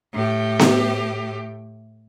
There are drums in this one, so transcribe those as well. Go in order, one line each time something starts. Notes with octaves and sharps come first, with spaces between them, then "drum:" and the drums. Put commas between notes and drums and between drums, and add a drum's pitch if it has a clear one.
A2 G4
drum: snare B3